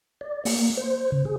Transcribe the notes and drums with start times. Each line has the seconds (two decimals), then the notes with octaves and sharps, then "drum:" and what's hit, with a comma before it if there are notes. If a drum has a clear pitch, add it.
0.21 D5
0.45 A#3, drum: open hi-hat
0.77 C5
1.12 C#3
1.25 G#4